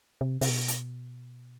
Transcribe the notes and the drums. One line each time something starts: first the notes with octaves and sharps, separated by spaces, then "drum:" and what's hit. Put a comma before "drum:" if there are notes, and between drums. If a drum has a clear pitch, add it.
C3
C3, drum: open hi-hat
B2
drum: hi-hat